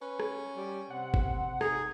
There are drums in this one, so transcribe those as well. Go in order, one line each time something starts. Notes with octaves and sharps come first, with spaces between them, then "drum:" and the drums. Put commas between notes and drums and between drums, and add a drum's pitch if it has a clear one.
C#4 B4
drum: rim click
G3
C3 F#5
drum: kick G1
D#4 G#4, drum: rim click